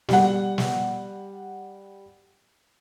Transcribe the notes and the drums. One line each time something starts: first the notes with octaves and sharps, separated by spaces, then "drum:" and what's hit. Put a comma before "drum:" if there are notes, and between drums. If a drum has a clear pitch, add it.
G3 F#5, drum: snare
drum: snare